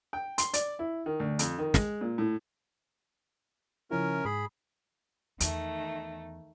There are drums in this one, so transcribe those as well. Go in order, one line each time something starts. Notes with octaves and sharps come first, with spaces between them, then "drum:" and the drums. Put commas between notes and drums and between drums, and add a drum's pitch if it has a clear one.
G5
C6, drum: hi-hat
D5, drum: hi-hat
E4
D#3
D2
F2, drum: hi-hat
D#3
G#3, drum: snare
A#2
A2
C#3 F3 C#4 E4 A#4
G#2 G#4 B5
E2 D#3 A3, drum: hi-hat